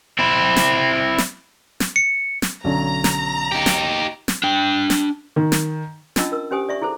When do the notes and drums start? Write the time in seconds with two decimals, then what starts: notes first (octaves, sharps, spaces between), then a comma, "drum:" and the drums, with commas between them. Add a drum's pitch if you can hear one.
0.19 C4 E4
0.56 drum: snare
1.18 drum: snare
1.80 drum: snare
1.96 C#7
2.42 drum: snare
2.64 B1 D3 C#4 A#5
3.04 drum: snare
3.52 D#4 G4
3.66 drum: snare
4.28 drum: snare
4.43 D4 G5
4.90 drum: snare
5.36 D#3
5.52 drum: snare
6.16 C#4 D4 F4 D#5 A5 E6, drum: snare
6.32 A#4 E6
6.51 C#4 G4 C5 G#5 D#6
6.69 D5 E5 C#6
6.82 E4 G#4 A4 C5